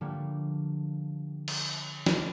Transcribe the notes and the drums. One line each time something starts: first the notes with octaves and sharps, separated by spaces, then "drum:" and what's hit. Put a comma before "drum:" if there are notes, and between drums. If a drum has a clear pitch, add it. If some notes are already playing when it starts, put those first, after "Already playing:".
D3 F3 G3 A3 A#3
drum: cymbal
drum: snare